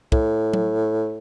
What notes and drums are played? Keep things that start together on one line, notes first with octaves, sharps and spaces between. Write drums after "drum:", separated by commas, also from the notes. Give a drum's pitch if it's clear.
A2, drum: kick
drum: tom F#3